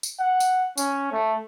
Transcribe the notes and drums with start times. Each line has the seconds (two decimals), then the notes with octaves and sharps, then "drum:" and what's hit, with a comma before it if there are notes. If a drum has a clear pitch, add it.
0.03 drum: tambourine
0.20 F#5
0.40 drum: tambourine
0.78 C#4, drum: tambourine
1.12 A3